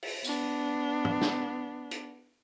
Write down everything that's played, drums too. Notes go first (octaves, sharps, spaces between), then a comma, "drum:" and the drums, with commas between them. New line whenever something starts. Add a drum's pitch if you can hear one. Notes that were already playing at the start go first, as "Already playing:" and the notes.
drum: open hi-hat
B3 D4, drum: tambourine
drum: tom
drum: snare
drum: hi-hat